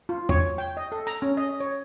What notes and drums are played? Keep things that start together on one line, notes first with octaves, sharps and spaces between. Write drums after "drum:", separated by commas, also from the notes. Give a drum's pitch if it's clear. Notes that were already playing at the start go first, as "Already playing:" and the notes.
F4
C#5, drum: tom E2
G5
D#5
A4
A#5, drum: hi-hat
C#4
D#5
C#5